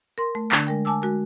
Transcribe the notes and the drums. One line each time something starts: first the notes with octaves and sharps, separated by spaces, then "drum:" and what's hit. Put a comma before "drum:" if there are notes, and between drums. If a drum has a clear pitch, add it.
A#4 C6
A3
D3 D4, drum: clap
G#3 A#4 G5
G#5 A5 D6 E6
G#3 F#4 A#4